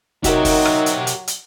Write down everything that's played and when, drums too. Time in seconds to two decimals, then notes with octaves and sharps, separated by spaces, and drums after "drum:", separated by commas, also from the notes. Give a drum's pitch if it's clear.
0.24 F#3 D#4 F#4 G4 A#4 E5, drum: kick, hi-hat
0.45 drum: kick, open hi-hat
0.65 drum: rim click
0.86 drum: hi-hat
1.07 drum: hi-hat
1.27 drum: hi-hat